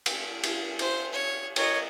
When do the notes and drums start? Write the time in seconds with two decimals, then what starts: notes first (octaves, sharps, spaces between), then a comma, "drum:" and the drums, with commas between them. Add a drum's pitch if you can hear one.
0.06 drum: cymbal
0.43 drum: cymbal
0.79 C5, drum: cymbal
1.13 C#5
1.56 A#4 C#5 D#5, drum: cymbal